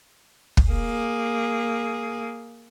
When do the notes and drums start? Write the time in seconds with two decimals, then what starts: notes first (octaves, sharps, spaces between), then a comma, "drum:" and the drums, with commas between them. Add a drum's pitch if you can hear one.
0.57 drum: kick
0.69 A#3 G#4